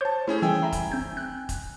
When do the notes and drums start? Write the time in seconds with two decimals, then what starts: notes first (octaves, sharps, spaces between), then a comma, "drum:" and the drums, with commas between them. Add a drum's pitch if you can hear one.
0.01 C5 C#5 A5 G6
0.27 A3 C#4 E4 G#4
0.42 E3 G3 G5 G#5 E6
0.62 E5 A#5 B5
0.72 drum: kick F1, hi-hat
0.92 C4 G6
1.17 F#6
1.49 drum: kick F1, hi-hat